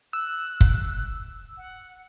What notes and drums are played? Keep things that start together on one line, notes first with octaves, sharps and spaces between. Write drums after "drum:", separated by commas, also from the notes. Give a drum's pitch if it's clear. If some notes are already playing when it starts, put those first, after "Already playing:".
E6 F#6
drum: kick
F#5